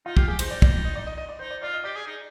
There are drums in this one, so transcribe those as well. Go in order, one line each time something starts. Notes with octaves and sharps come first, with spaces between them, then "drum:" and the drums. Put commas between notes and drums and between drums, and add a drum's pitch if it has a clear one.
D#4 F4
F4 G4, drum: kick
G4 G#4
D#4 C5, drum: cymbal
D5
D5, drum: kick
D5
D#5
D5
D#5
D#5
D5
D#4 C5
D5
F4 D5
D#5
G4 D5
G#4
D#4